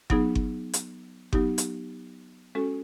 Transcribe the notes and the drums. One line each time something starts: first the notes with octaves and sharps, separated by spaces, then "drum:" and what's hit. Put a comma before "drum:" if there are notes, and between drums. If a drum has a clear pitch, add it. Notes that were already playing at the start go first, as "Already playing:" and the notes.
F#3 B3 D#4 G#4, drum: kick G1
drum: kick G1
drum: hi-hat
F#3 B3 D#4 G4, drum: kick G1
drum: hi-hat
G#3 C#4 F#4 A4